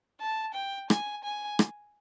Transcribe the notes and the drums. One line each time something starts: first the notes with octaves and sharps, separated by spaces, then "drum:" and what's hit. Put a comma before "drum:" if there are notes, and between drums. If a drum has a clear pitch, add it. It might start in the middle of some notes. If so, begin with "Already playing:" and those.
A5
G5
G#5, drum: rim click
G#5
drum: rim click